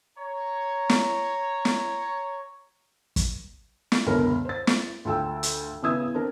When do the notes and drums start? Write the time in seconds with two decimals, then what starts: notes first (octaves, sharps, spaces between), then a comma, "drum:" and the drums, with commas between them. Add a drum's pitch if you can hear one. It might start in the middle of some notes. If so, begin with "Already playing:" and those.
0.18 C#5 A#5
0.89 drum: snare
1.65 drum: snare
3.16 drum: kick, hi-hat
3.92 drum: snare
4.06 C#2 F#2 B2 D3 A#4
4.45 C5 A6
4.67 drum: snare
5.05 D2 F4 A4 G5 E6
5.43 drum: hi-hat
5.82 C#3 B3 E4 D#6 E6 G#6
6.14 C4 D4 A#4